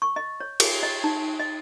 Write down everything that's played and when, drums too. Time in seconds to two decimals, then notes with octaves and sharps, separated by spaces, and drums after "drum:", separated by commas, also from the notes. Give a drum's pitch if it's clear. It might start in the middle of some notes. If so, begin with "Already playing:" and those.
0.02 C#6
0.16 D#5
0.40 C#5
0.60 G#4, drum: cymbal
0.83 D#5
1.04 D#4
1.39 D#5